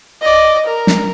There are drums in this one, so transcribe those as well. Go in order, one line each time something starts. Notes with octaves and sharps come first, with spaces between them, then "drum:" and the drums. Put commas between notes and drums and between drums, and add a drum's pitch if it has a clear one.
D5 D#5
A#4
drum: snare